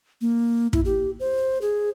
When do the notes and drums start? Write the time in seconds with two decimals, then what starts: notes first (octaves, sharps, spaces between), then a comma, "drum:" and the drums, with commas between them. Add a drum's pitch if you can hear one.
0.21 A#3
0.73 E4, drum: kick
0.85 G4
1.20 C5
1.61 G#4